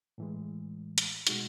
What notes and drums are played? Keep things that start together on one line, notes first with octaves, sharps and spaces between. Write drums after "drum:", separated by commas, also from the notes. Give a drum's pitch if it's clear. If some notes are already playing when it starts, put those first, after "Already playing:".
A2 E3 G#3
drum: hi-hat
B2 G#3 D#4 F#4, drum: hi-hat